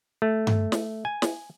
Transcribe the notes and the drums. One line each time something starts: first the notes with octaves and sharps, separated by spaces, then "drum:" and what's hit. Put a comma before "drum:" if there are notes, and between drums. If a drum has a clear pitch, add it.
A3
drum: tom G2
drum: snare
G#5
drum: snare